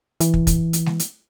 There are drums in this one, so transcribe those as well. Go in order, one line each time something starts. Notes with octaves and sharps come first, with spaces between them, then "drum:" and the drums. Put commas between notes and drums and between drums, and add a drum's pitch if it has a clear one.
E3, drum: hi-hat
drum: kick
drum: kick, hi-hat
drum: hi-hat
drum: snare G#3
drum: hi-hat